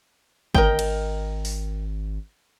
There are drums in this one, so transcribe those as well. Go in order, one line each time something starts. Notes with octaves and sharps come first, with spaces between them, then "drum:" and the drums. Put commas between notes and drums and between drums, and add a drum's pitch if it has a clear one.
G#1 A#4 D#5 G5, drum: kick
drum: cymbal
drum: open hi-hat